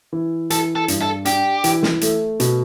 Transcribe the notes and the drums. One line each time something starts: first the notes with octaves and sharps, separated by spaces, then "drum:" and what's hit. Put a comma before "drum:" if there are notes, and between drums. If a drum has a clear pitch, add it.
E3
E3 A4, drum: hi-hat
A4
G2, drum: hi-hat
A4
D4 G4, drum: hi-hat
E3, drum: hi-hat
drum: snare
A3, drum: hi-hat
B2, drum: hi-hat